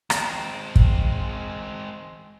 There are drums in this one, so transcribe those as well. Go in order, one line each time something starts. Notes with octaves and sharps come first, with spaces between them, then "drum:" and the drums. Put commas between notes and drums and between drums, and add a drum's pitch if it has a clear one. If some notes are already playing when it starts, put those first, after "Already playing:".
G#3 C4, drum: rim click
drum: kick